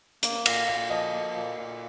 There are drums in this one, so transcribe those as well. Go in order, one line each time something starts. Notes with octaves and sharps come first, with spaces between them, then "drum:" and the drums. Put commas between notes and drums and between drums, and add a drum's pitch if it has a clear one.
A#3, drum: hi-hat
A#2 F5, drum: cymbal
A#2 F5
F3 D#5
A#3
A#2
A#2